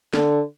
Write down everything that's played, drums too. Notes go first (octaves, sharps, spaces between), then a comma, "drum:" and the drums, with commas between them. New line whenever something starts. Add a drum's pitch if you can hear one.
D3, drum: snare